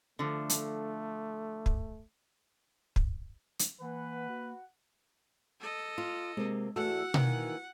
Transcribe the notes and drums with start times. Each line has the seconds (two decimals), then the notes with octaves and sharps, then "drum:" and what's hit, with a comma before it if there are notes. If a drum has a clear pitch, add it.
0.19 D3 F3 A3
0.49 drum: hi-hat
1.66 drum: kick
2.96 drum: kick
3.59 drum: hi-hat
3.81 E3 A#3 B4 F#5
4.29 F#4
5.61 A4 D#5
5.98 F4
6.37 C3 G#3 A#3
6.76 E2 A3 F#4 F#5 E6
7.14 D#3 E3 A#3, drum: tom B2